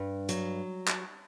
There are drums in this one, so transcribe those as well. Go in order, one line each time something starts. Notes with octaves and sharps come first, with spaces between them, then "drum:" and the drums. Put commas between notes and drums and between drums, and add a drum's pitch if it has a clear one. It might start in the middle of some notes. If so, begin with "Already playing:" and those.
Already playing: G2
F#3, drum: hi-hat
drum: clap